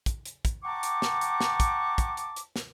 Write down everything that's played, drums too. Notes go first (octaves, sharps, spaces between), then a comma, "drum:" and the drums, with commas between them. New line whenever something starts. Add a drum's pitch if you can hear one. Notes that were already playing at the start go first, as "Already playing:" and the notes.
drum: kick, hi-hat
drum: hi-hat
drum: kick, hi-hat
F#5 G5 A5 A#5 C#6 D6
drum: hi-hat
drum: snare
drum: hi-hat
drum: snare
drum: kick, hi-hat
drum: kick, hi-hat
drum: hi-hat
drum: hi-hat
drum: snare